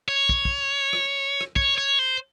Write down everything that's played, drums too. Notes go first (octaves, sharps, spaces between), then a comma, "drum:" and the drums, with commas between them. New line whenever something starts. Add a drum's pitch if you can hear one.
C#5
drum: kick
drum: kick
drum: rim click
drum: rim click
C#5, drum: kick
C#5
C5